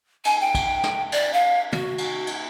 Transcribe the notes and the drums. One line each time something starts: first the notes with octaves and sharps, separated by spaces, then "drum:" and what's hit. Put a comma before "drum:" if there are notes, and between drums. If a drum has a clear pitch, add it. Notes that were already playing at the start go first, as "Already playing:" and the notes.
G#5, drum: cymbal
G5
drum: kick, cymbal
drum: snare
D5, drum: cymbal
F5
F#4, drum: tom
drum: cymbal
drum: cymbal